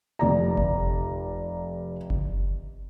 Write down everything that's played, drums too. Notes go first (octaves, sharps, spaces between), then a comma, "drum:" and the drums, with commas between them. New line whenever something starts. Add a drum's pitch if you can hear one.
F1 D5 A#5
drum: kick F#1
drum: kick F#1